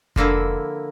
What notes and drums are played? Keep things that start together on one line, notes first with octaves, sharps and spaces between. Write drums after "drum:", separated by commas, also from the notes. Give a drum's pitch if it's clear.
D3 F3 A#3 E4, drum: kick F1